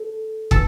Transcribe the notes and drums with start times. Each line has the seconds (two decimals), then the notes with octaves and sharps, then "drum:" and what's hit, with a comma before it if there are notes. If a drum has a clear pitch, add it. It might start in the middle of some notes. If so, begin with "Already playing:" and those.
Already playing: A4
0.51 A4, drum: kick